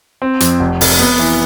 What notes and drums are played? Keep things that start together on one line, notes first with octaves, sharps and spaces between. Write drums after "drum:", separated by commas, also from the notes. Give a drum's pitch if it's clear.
C4
F2, drum: hi-hat
F1
F1, drum: open hi-hat
B3
E3